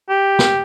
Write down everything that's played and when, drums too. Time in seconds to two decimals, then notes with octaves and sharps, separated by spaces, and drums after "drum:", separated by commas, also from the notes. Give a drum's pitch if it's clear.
0.09 G4
0.39 drum: snare